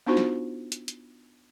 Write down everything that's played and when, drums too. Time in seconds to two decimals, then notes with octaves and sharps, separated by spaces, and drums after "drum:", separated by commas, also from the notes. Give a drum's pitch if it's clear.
0.07 B3 D4 D#4 F4 F#4 C5
0.17 drum: snare
0.72 drum: hi-hat
0.88 drum: hi-hat